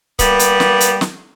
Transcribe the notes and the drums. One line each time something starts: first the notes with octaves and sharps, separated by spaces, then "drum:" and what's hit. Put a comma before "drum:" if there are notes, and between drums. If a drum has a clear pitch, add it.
G3 A#3 B3, drum: kick C#1, hi-hat
drum: hi-hat
drum: snare
drum: hi-hat
drum: snare